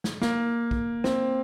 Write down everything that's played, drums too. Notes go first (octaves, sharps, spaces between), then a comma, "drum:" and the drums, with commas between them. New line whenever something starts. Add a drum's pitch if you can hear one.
drum: snare
A#3, drum: snare
drum: kick
C4, drum: snare